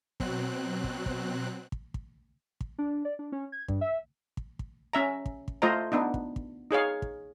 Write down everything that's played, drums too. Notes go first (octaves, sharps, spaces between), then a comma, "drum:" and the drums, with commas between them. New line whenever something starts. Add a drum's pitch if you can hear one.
B2 F#3 C4 F#6, drum: kick
drum: kick
drum: kick
drum: kick
drum: kick
drum: kick
D4
D5
D4
C#4
G#6
G2, drum: kick
E5
drum: kick
drum: kick
C#4 E5 A#5
drum: kick
drum: kick
A3 F4 C5 D#5 A#5
B3 D4 D#4
drum: kick
drum: kick
D#4 G#4 C#5 F5
drum: kick